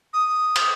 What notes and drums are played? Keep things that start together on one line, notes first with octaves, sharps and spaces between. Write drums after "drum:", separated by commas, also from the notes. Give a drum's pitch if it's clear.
D#6
drum: cymbal